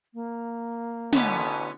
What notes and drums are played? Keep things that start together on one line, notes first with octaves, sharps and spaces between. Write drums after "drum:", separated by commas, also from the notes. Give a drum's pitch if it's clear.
A#3
A1 B2 D3 B3 C#4, drum: snare